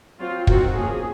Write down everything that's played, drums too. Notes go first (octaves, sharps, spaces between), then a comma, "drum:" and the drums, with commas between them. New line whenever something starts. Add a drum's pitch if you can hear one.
F#3 C4 F4
D#3 F#3 C4 F#4, drum: kick
F3 A#3 C#4 G#4